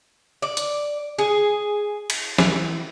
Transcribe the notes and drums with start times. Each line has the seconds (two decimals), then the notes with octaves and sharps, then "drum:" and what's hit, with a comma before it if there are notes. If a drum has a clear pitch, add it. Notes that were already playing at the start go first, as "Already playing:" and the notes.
0.42 D5
0.57 drum: hi-hat
1.18 G#4
2.10 drum: cymbal
2.38 E3, drum: snare